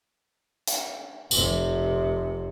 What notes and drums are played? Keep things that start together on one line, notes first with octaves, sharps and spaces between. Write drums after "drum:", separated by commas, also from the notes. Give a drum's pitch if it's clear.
drum: hi-hat
F1 C3, drum: tambourine